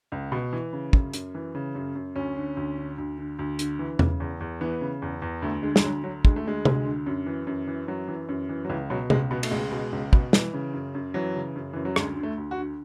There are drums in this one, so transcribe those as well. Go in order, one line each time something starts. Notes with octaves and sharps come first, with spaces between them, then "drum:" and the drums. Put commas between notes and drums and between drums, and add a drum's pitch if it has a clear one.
C#2
B2
E3
C#3
F#2, drum: kick
F#2, drum: hi-hat
E3
C#3
F#2
F#2
D2 C#4
D3
D2
D3
D2
D3
D2
D3, drum: hi-hat
E3
C#3, drum: tom E2
E2
E2
E3 B3
C#3
E2
E2
D2 A3
D3 G#3
G#3, drum: snare
D2 F#3
D3 F#3
D2 G#3, drum: kick
A3
D3 G#3
D2, drum: tom
D3
F#2
E3
F#2
E3
F#2 F#3
E3
F#2
E3
F#3
C#2 E3
B2 F#3
C#2 G#3, drum: tom
B2 B3
A3, drum: cymbal
C#2 G#3
B2
C#2
B2, drum: kick
E3, drum: snare
C#3
F#2
F#2
E3 F#3
C#3
F#2
F#2 E3
F#3
D2 G#3, drum: rim click
D3
A3
D2
F#4
D3